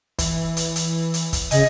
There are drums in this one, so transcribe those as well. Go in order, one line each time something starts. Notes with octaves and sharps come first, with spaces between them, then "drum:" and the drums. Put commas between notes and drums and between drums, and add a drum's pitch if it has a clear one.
E3, drum: kick, hi-hat
drum: hi-hat
drum: hi-hat
drum: hi-hat
drum: kick, hi-hat
C#3 D#5 G#5, drum: hi-hat